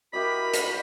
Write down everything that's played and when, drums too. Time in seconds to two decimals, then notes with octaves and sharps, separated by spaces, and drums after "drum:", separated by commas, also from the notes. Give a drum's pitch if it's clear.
0.13 E4 F#4 G4 A#4 D#5 B5
0.54 drum: hi-hat